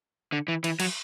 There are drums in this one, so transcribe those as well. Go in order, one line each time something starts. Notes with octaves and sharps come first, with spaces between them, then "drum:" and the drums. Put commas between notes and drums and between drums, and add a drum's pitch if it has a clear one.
D3
E3
E3, drum: cymbal
F#3, drum: cymbal